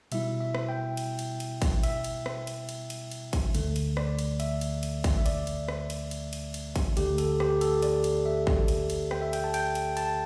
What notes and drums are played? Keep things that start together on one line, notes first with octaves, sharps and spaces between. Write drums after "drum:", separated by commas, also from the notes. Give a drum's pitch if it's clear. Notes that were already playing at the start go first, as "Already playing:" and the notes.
B2 G3 E4 E5, drum: cymbal
E5
drum: rim click
G5
drum: cymbal
drum: cymbal
drum: cymbal
drum: kick, cymbal
E5, drum: cymbal
drum: cymbal
drum: rim click
drum: cymbal
drum: cymbal
drum: cymbal
drum: cymbal
drum: kick, cymbal
D2 D3 A3, drum: cymbal
drum: cymbal
D5, drum: rim click
drum: cymbal
E5, drum: cymbal
drum: cymbal
drum: cymbal
drum: kick, cymbal
E5
D5, drum: cymbal
drum: cymbal
drum: rim click
drum: cymbal
drum: cymbal
drum: cymbal
drum: cymbal
drum: kick, cymbal
D2 D3 A3 G4, drum: cymbal
A4, drum: cymbal
G4, drum: rim click
A4, drum: cymbal
D5, drum: cymbal
drum: cymbal
E5
drum: kick
drum: cymbal
drum: cymbal
G5, drum: rim click
E5
G5, drum: cymbal
A5
G5, drum: cymbal
drum: cymbal
A5, drum: cymbal